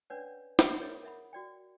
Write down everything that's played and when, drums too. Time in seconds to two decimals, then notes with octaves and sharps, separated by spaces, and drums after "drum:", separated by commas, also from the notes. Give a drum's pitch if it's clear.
0.10 C#4 D4 B4 C#5 D5 F#5
0.59 drum: snare
0.80 G#4 A#4 C#5 D#5 E5
1.03 A#4 E5 F#5 B5
1.33 F#4 D5 G5